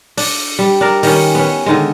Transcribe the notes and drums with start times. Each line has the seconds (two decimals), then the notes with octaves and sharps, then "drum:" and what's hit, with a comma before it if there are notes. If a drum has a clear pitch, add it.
0.17 D4, drum: open hi-hat
0.59 G3
0.81 D4 A#4
1.03 D#3 G3 C#4, drum: open hi-hat
1.35 B3 C#4
1.66 D3 D#3 G#3